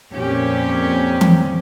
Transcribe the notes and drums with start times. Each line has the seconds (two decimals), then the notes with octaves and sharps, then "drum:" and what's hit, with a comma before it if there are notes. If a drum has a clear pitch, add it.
0.13 F2 A#2 C4 C#4 G4
1.21 drum: tom E3